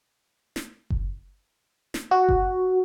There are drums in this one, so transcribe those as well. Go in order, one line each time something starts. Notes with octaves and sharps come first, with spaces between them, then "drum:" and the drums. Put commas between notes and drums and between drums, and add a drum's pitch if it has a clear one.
drum: snare
drum: kick F#1
drum: snare
F#4
drum: kick F#1